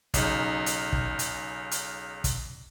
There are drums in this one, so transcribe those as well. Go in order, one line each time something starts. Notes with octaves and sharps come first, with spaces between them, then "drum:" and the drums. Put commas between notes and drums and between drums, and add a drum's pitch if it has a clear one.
B1 C#3 D#4, drum: kick, hi-hat
drum: hi-hat
drum: kick
drum: hi-hat
drum: hi-hat
drum: kick, hi-hat